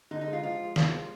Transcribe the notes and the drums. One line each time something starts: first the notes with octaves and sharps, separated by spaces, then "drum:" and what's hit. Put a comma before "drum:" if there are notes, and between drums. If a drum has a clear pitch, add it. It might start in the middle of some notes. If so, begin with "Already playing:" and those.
D3 D#4
D#4
G#3
F4
F3 F4
G#3
F3 F4, drum: snare
G#3